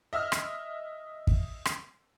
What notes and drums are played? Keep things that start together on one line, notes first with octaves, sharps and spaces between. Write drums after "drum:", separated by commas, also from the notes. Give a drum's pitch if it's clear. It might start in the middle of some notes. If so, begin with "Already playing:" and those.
D#5 E5 E6 F6
drum: rim click
drum: kick
drum: rim click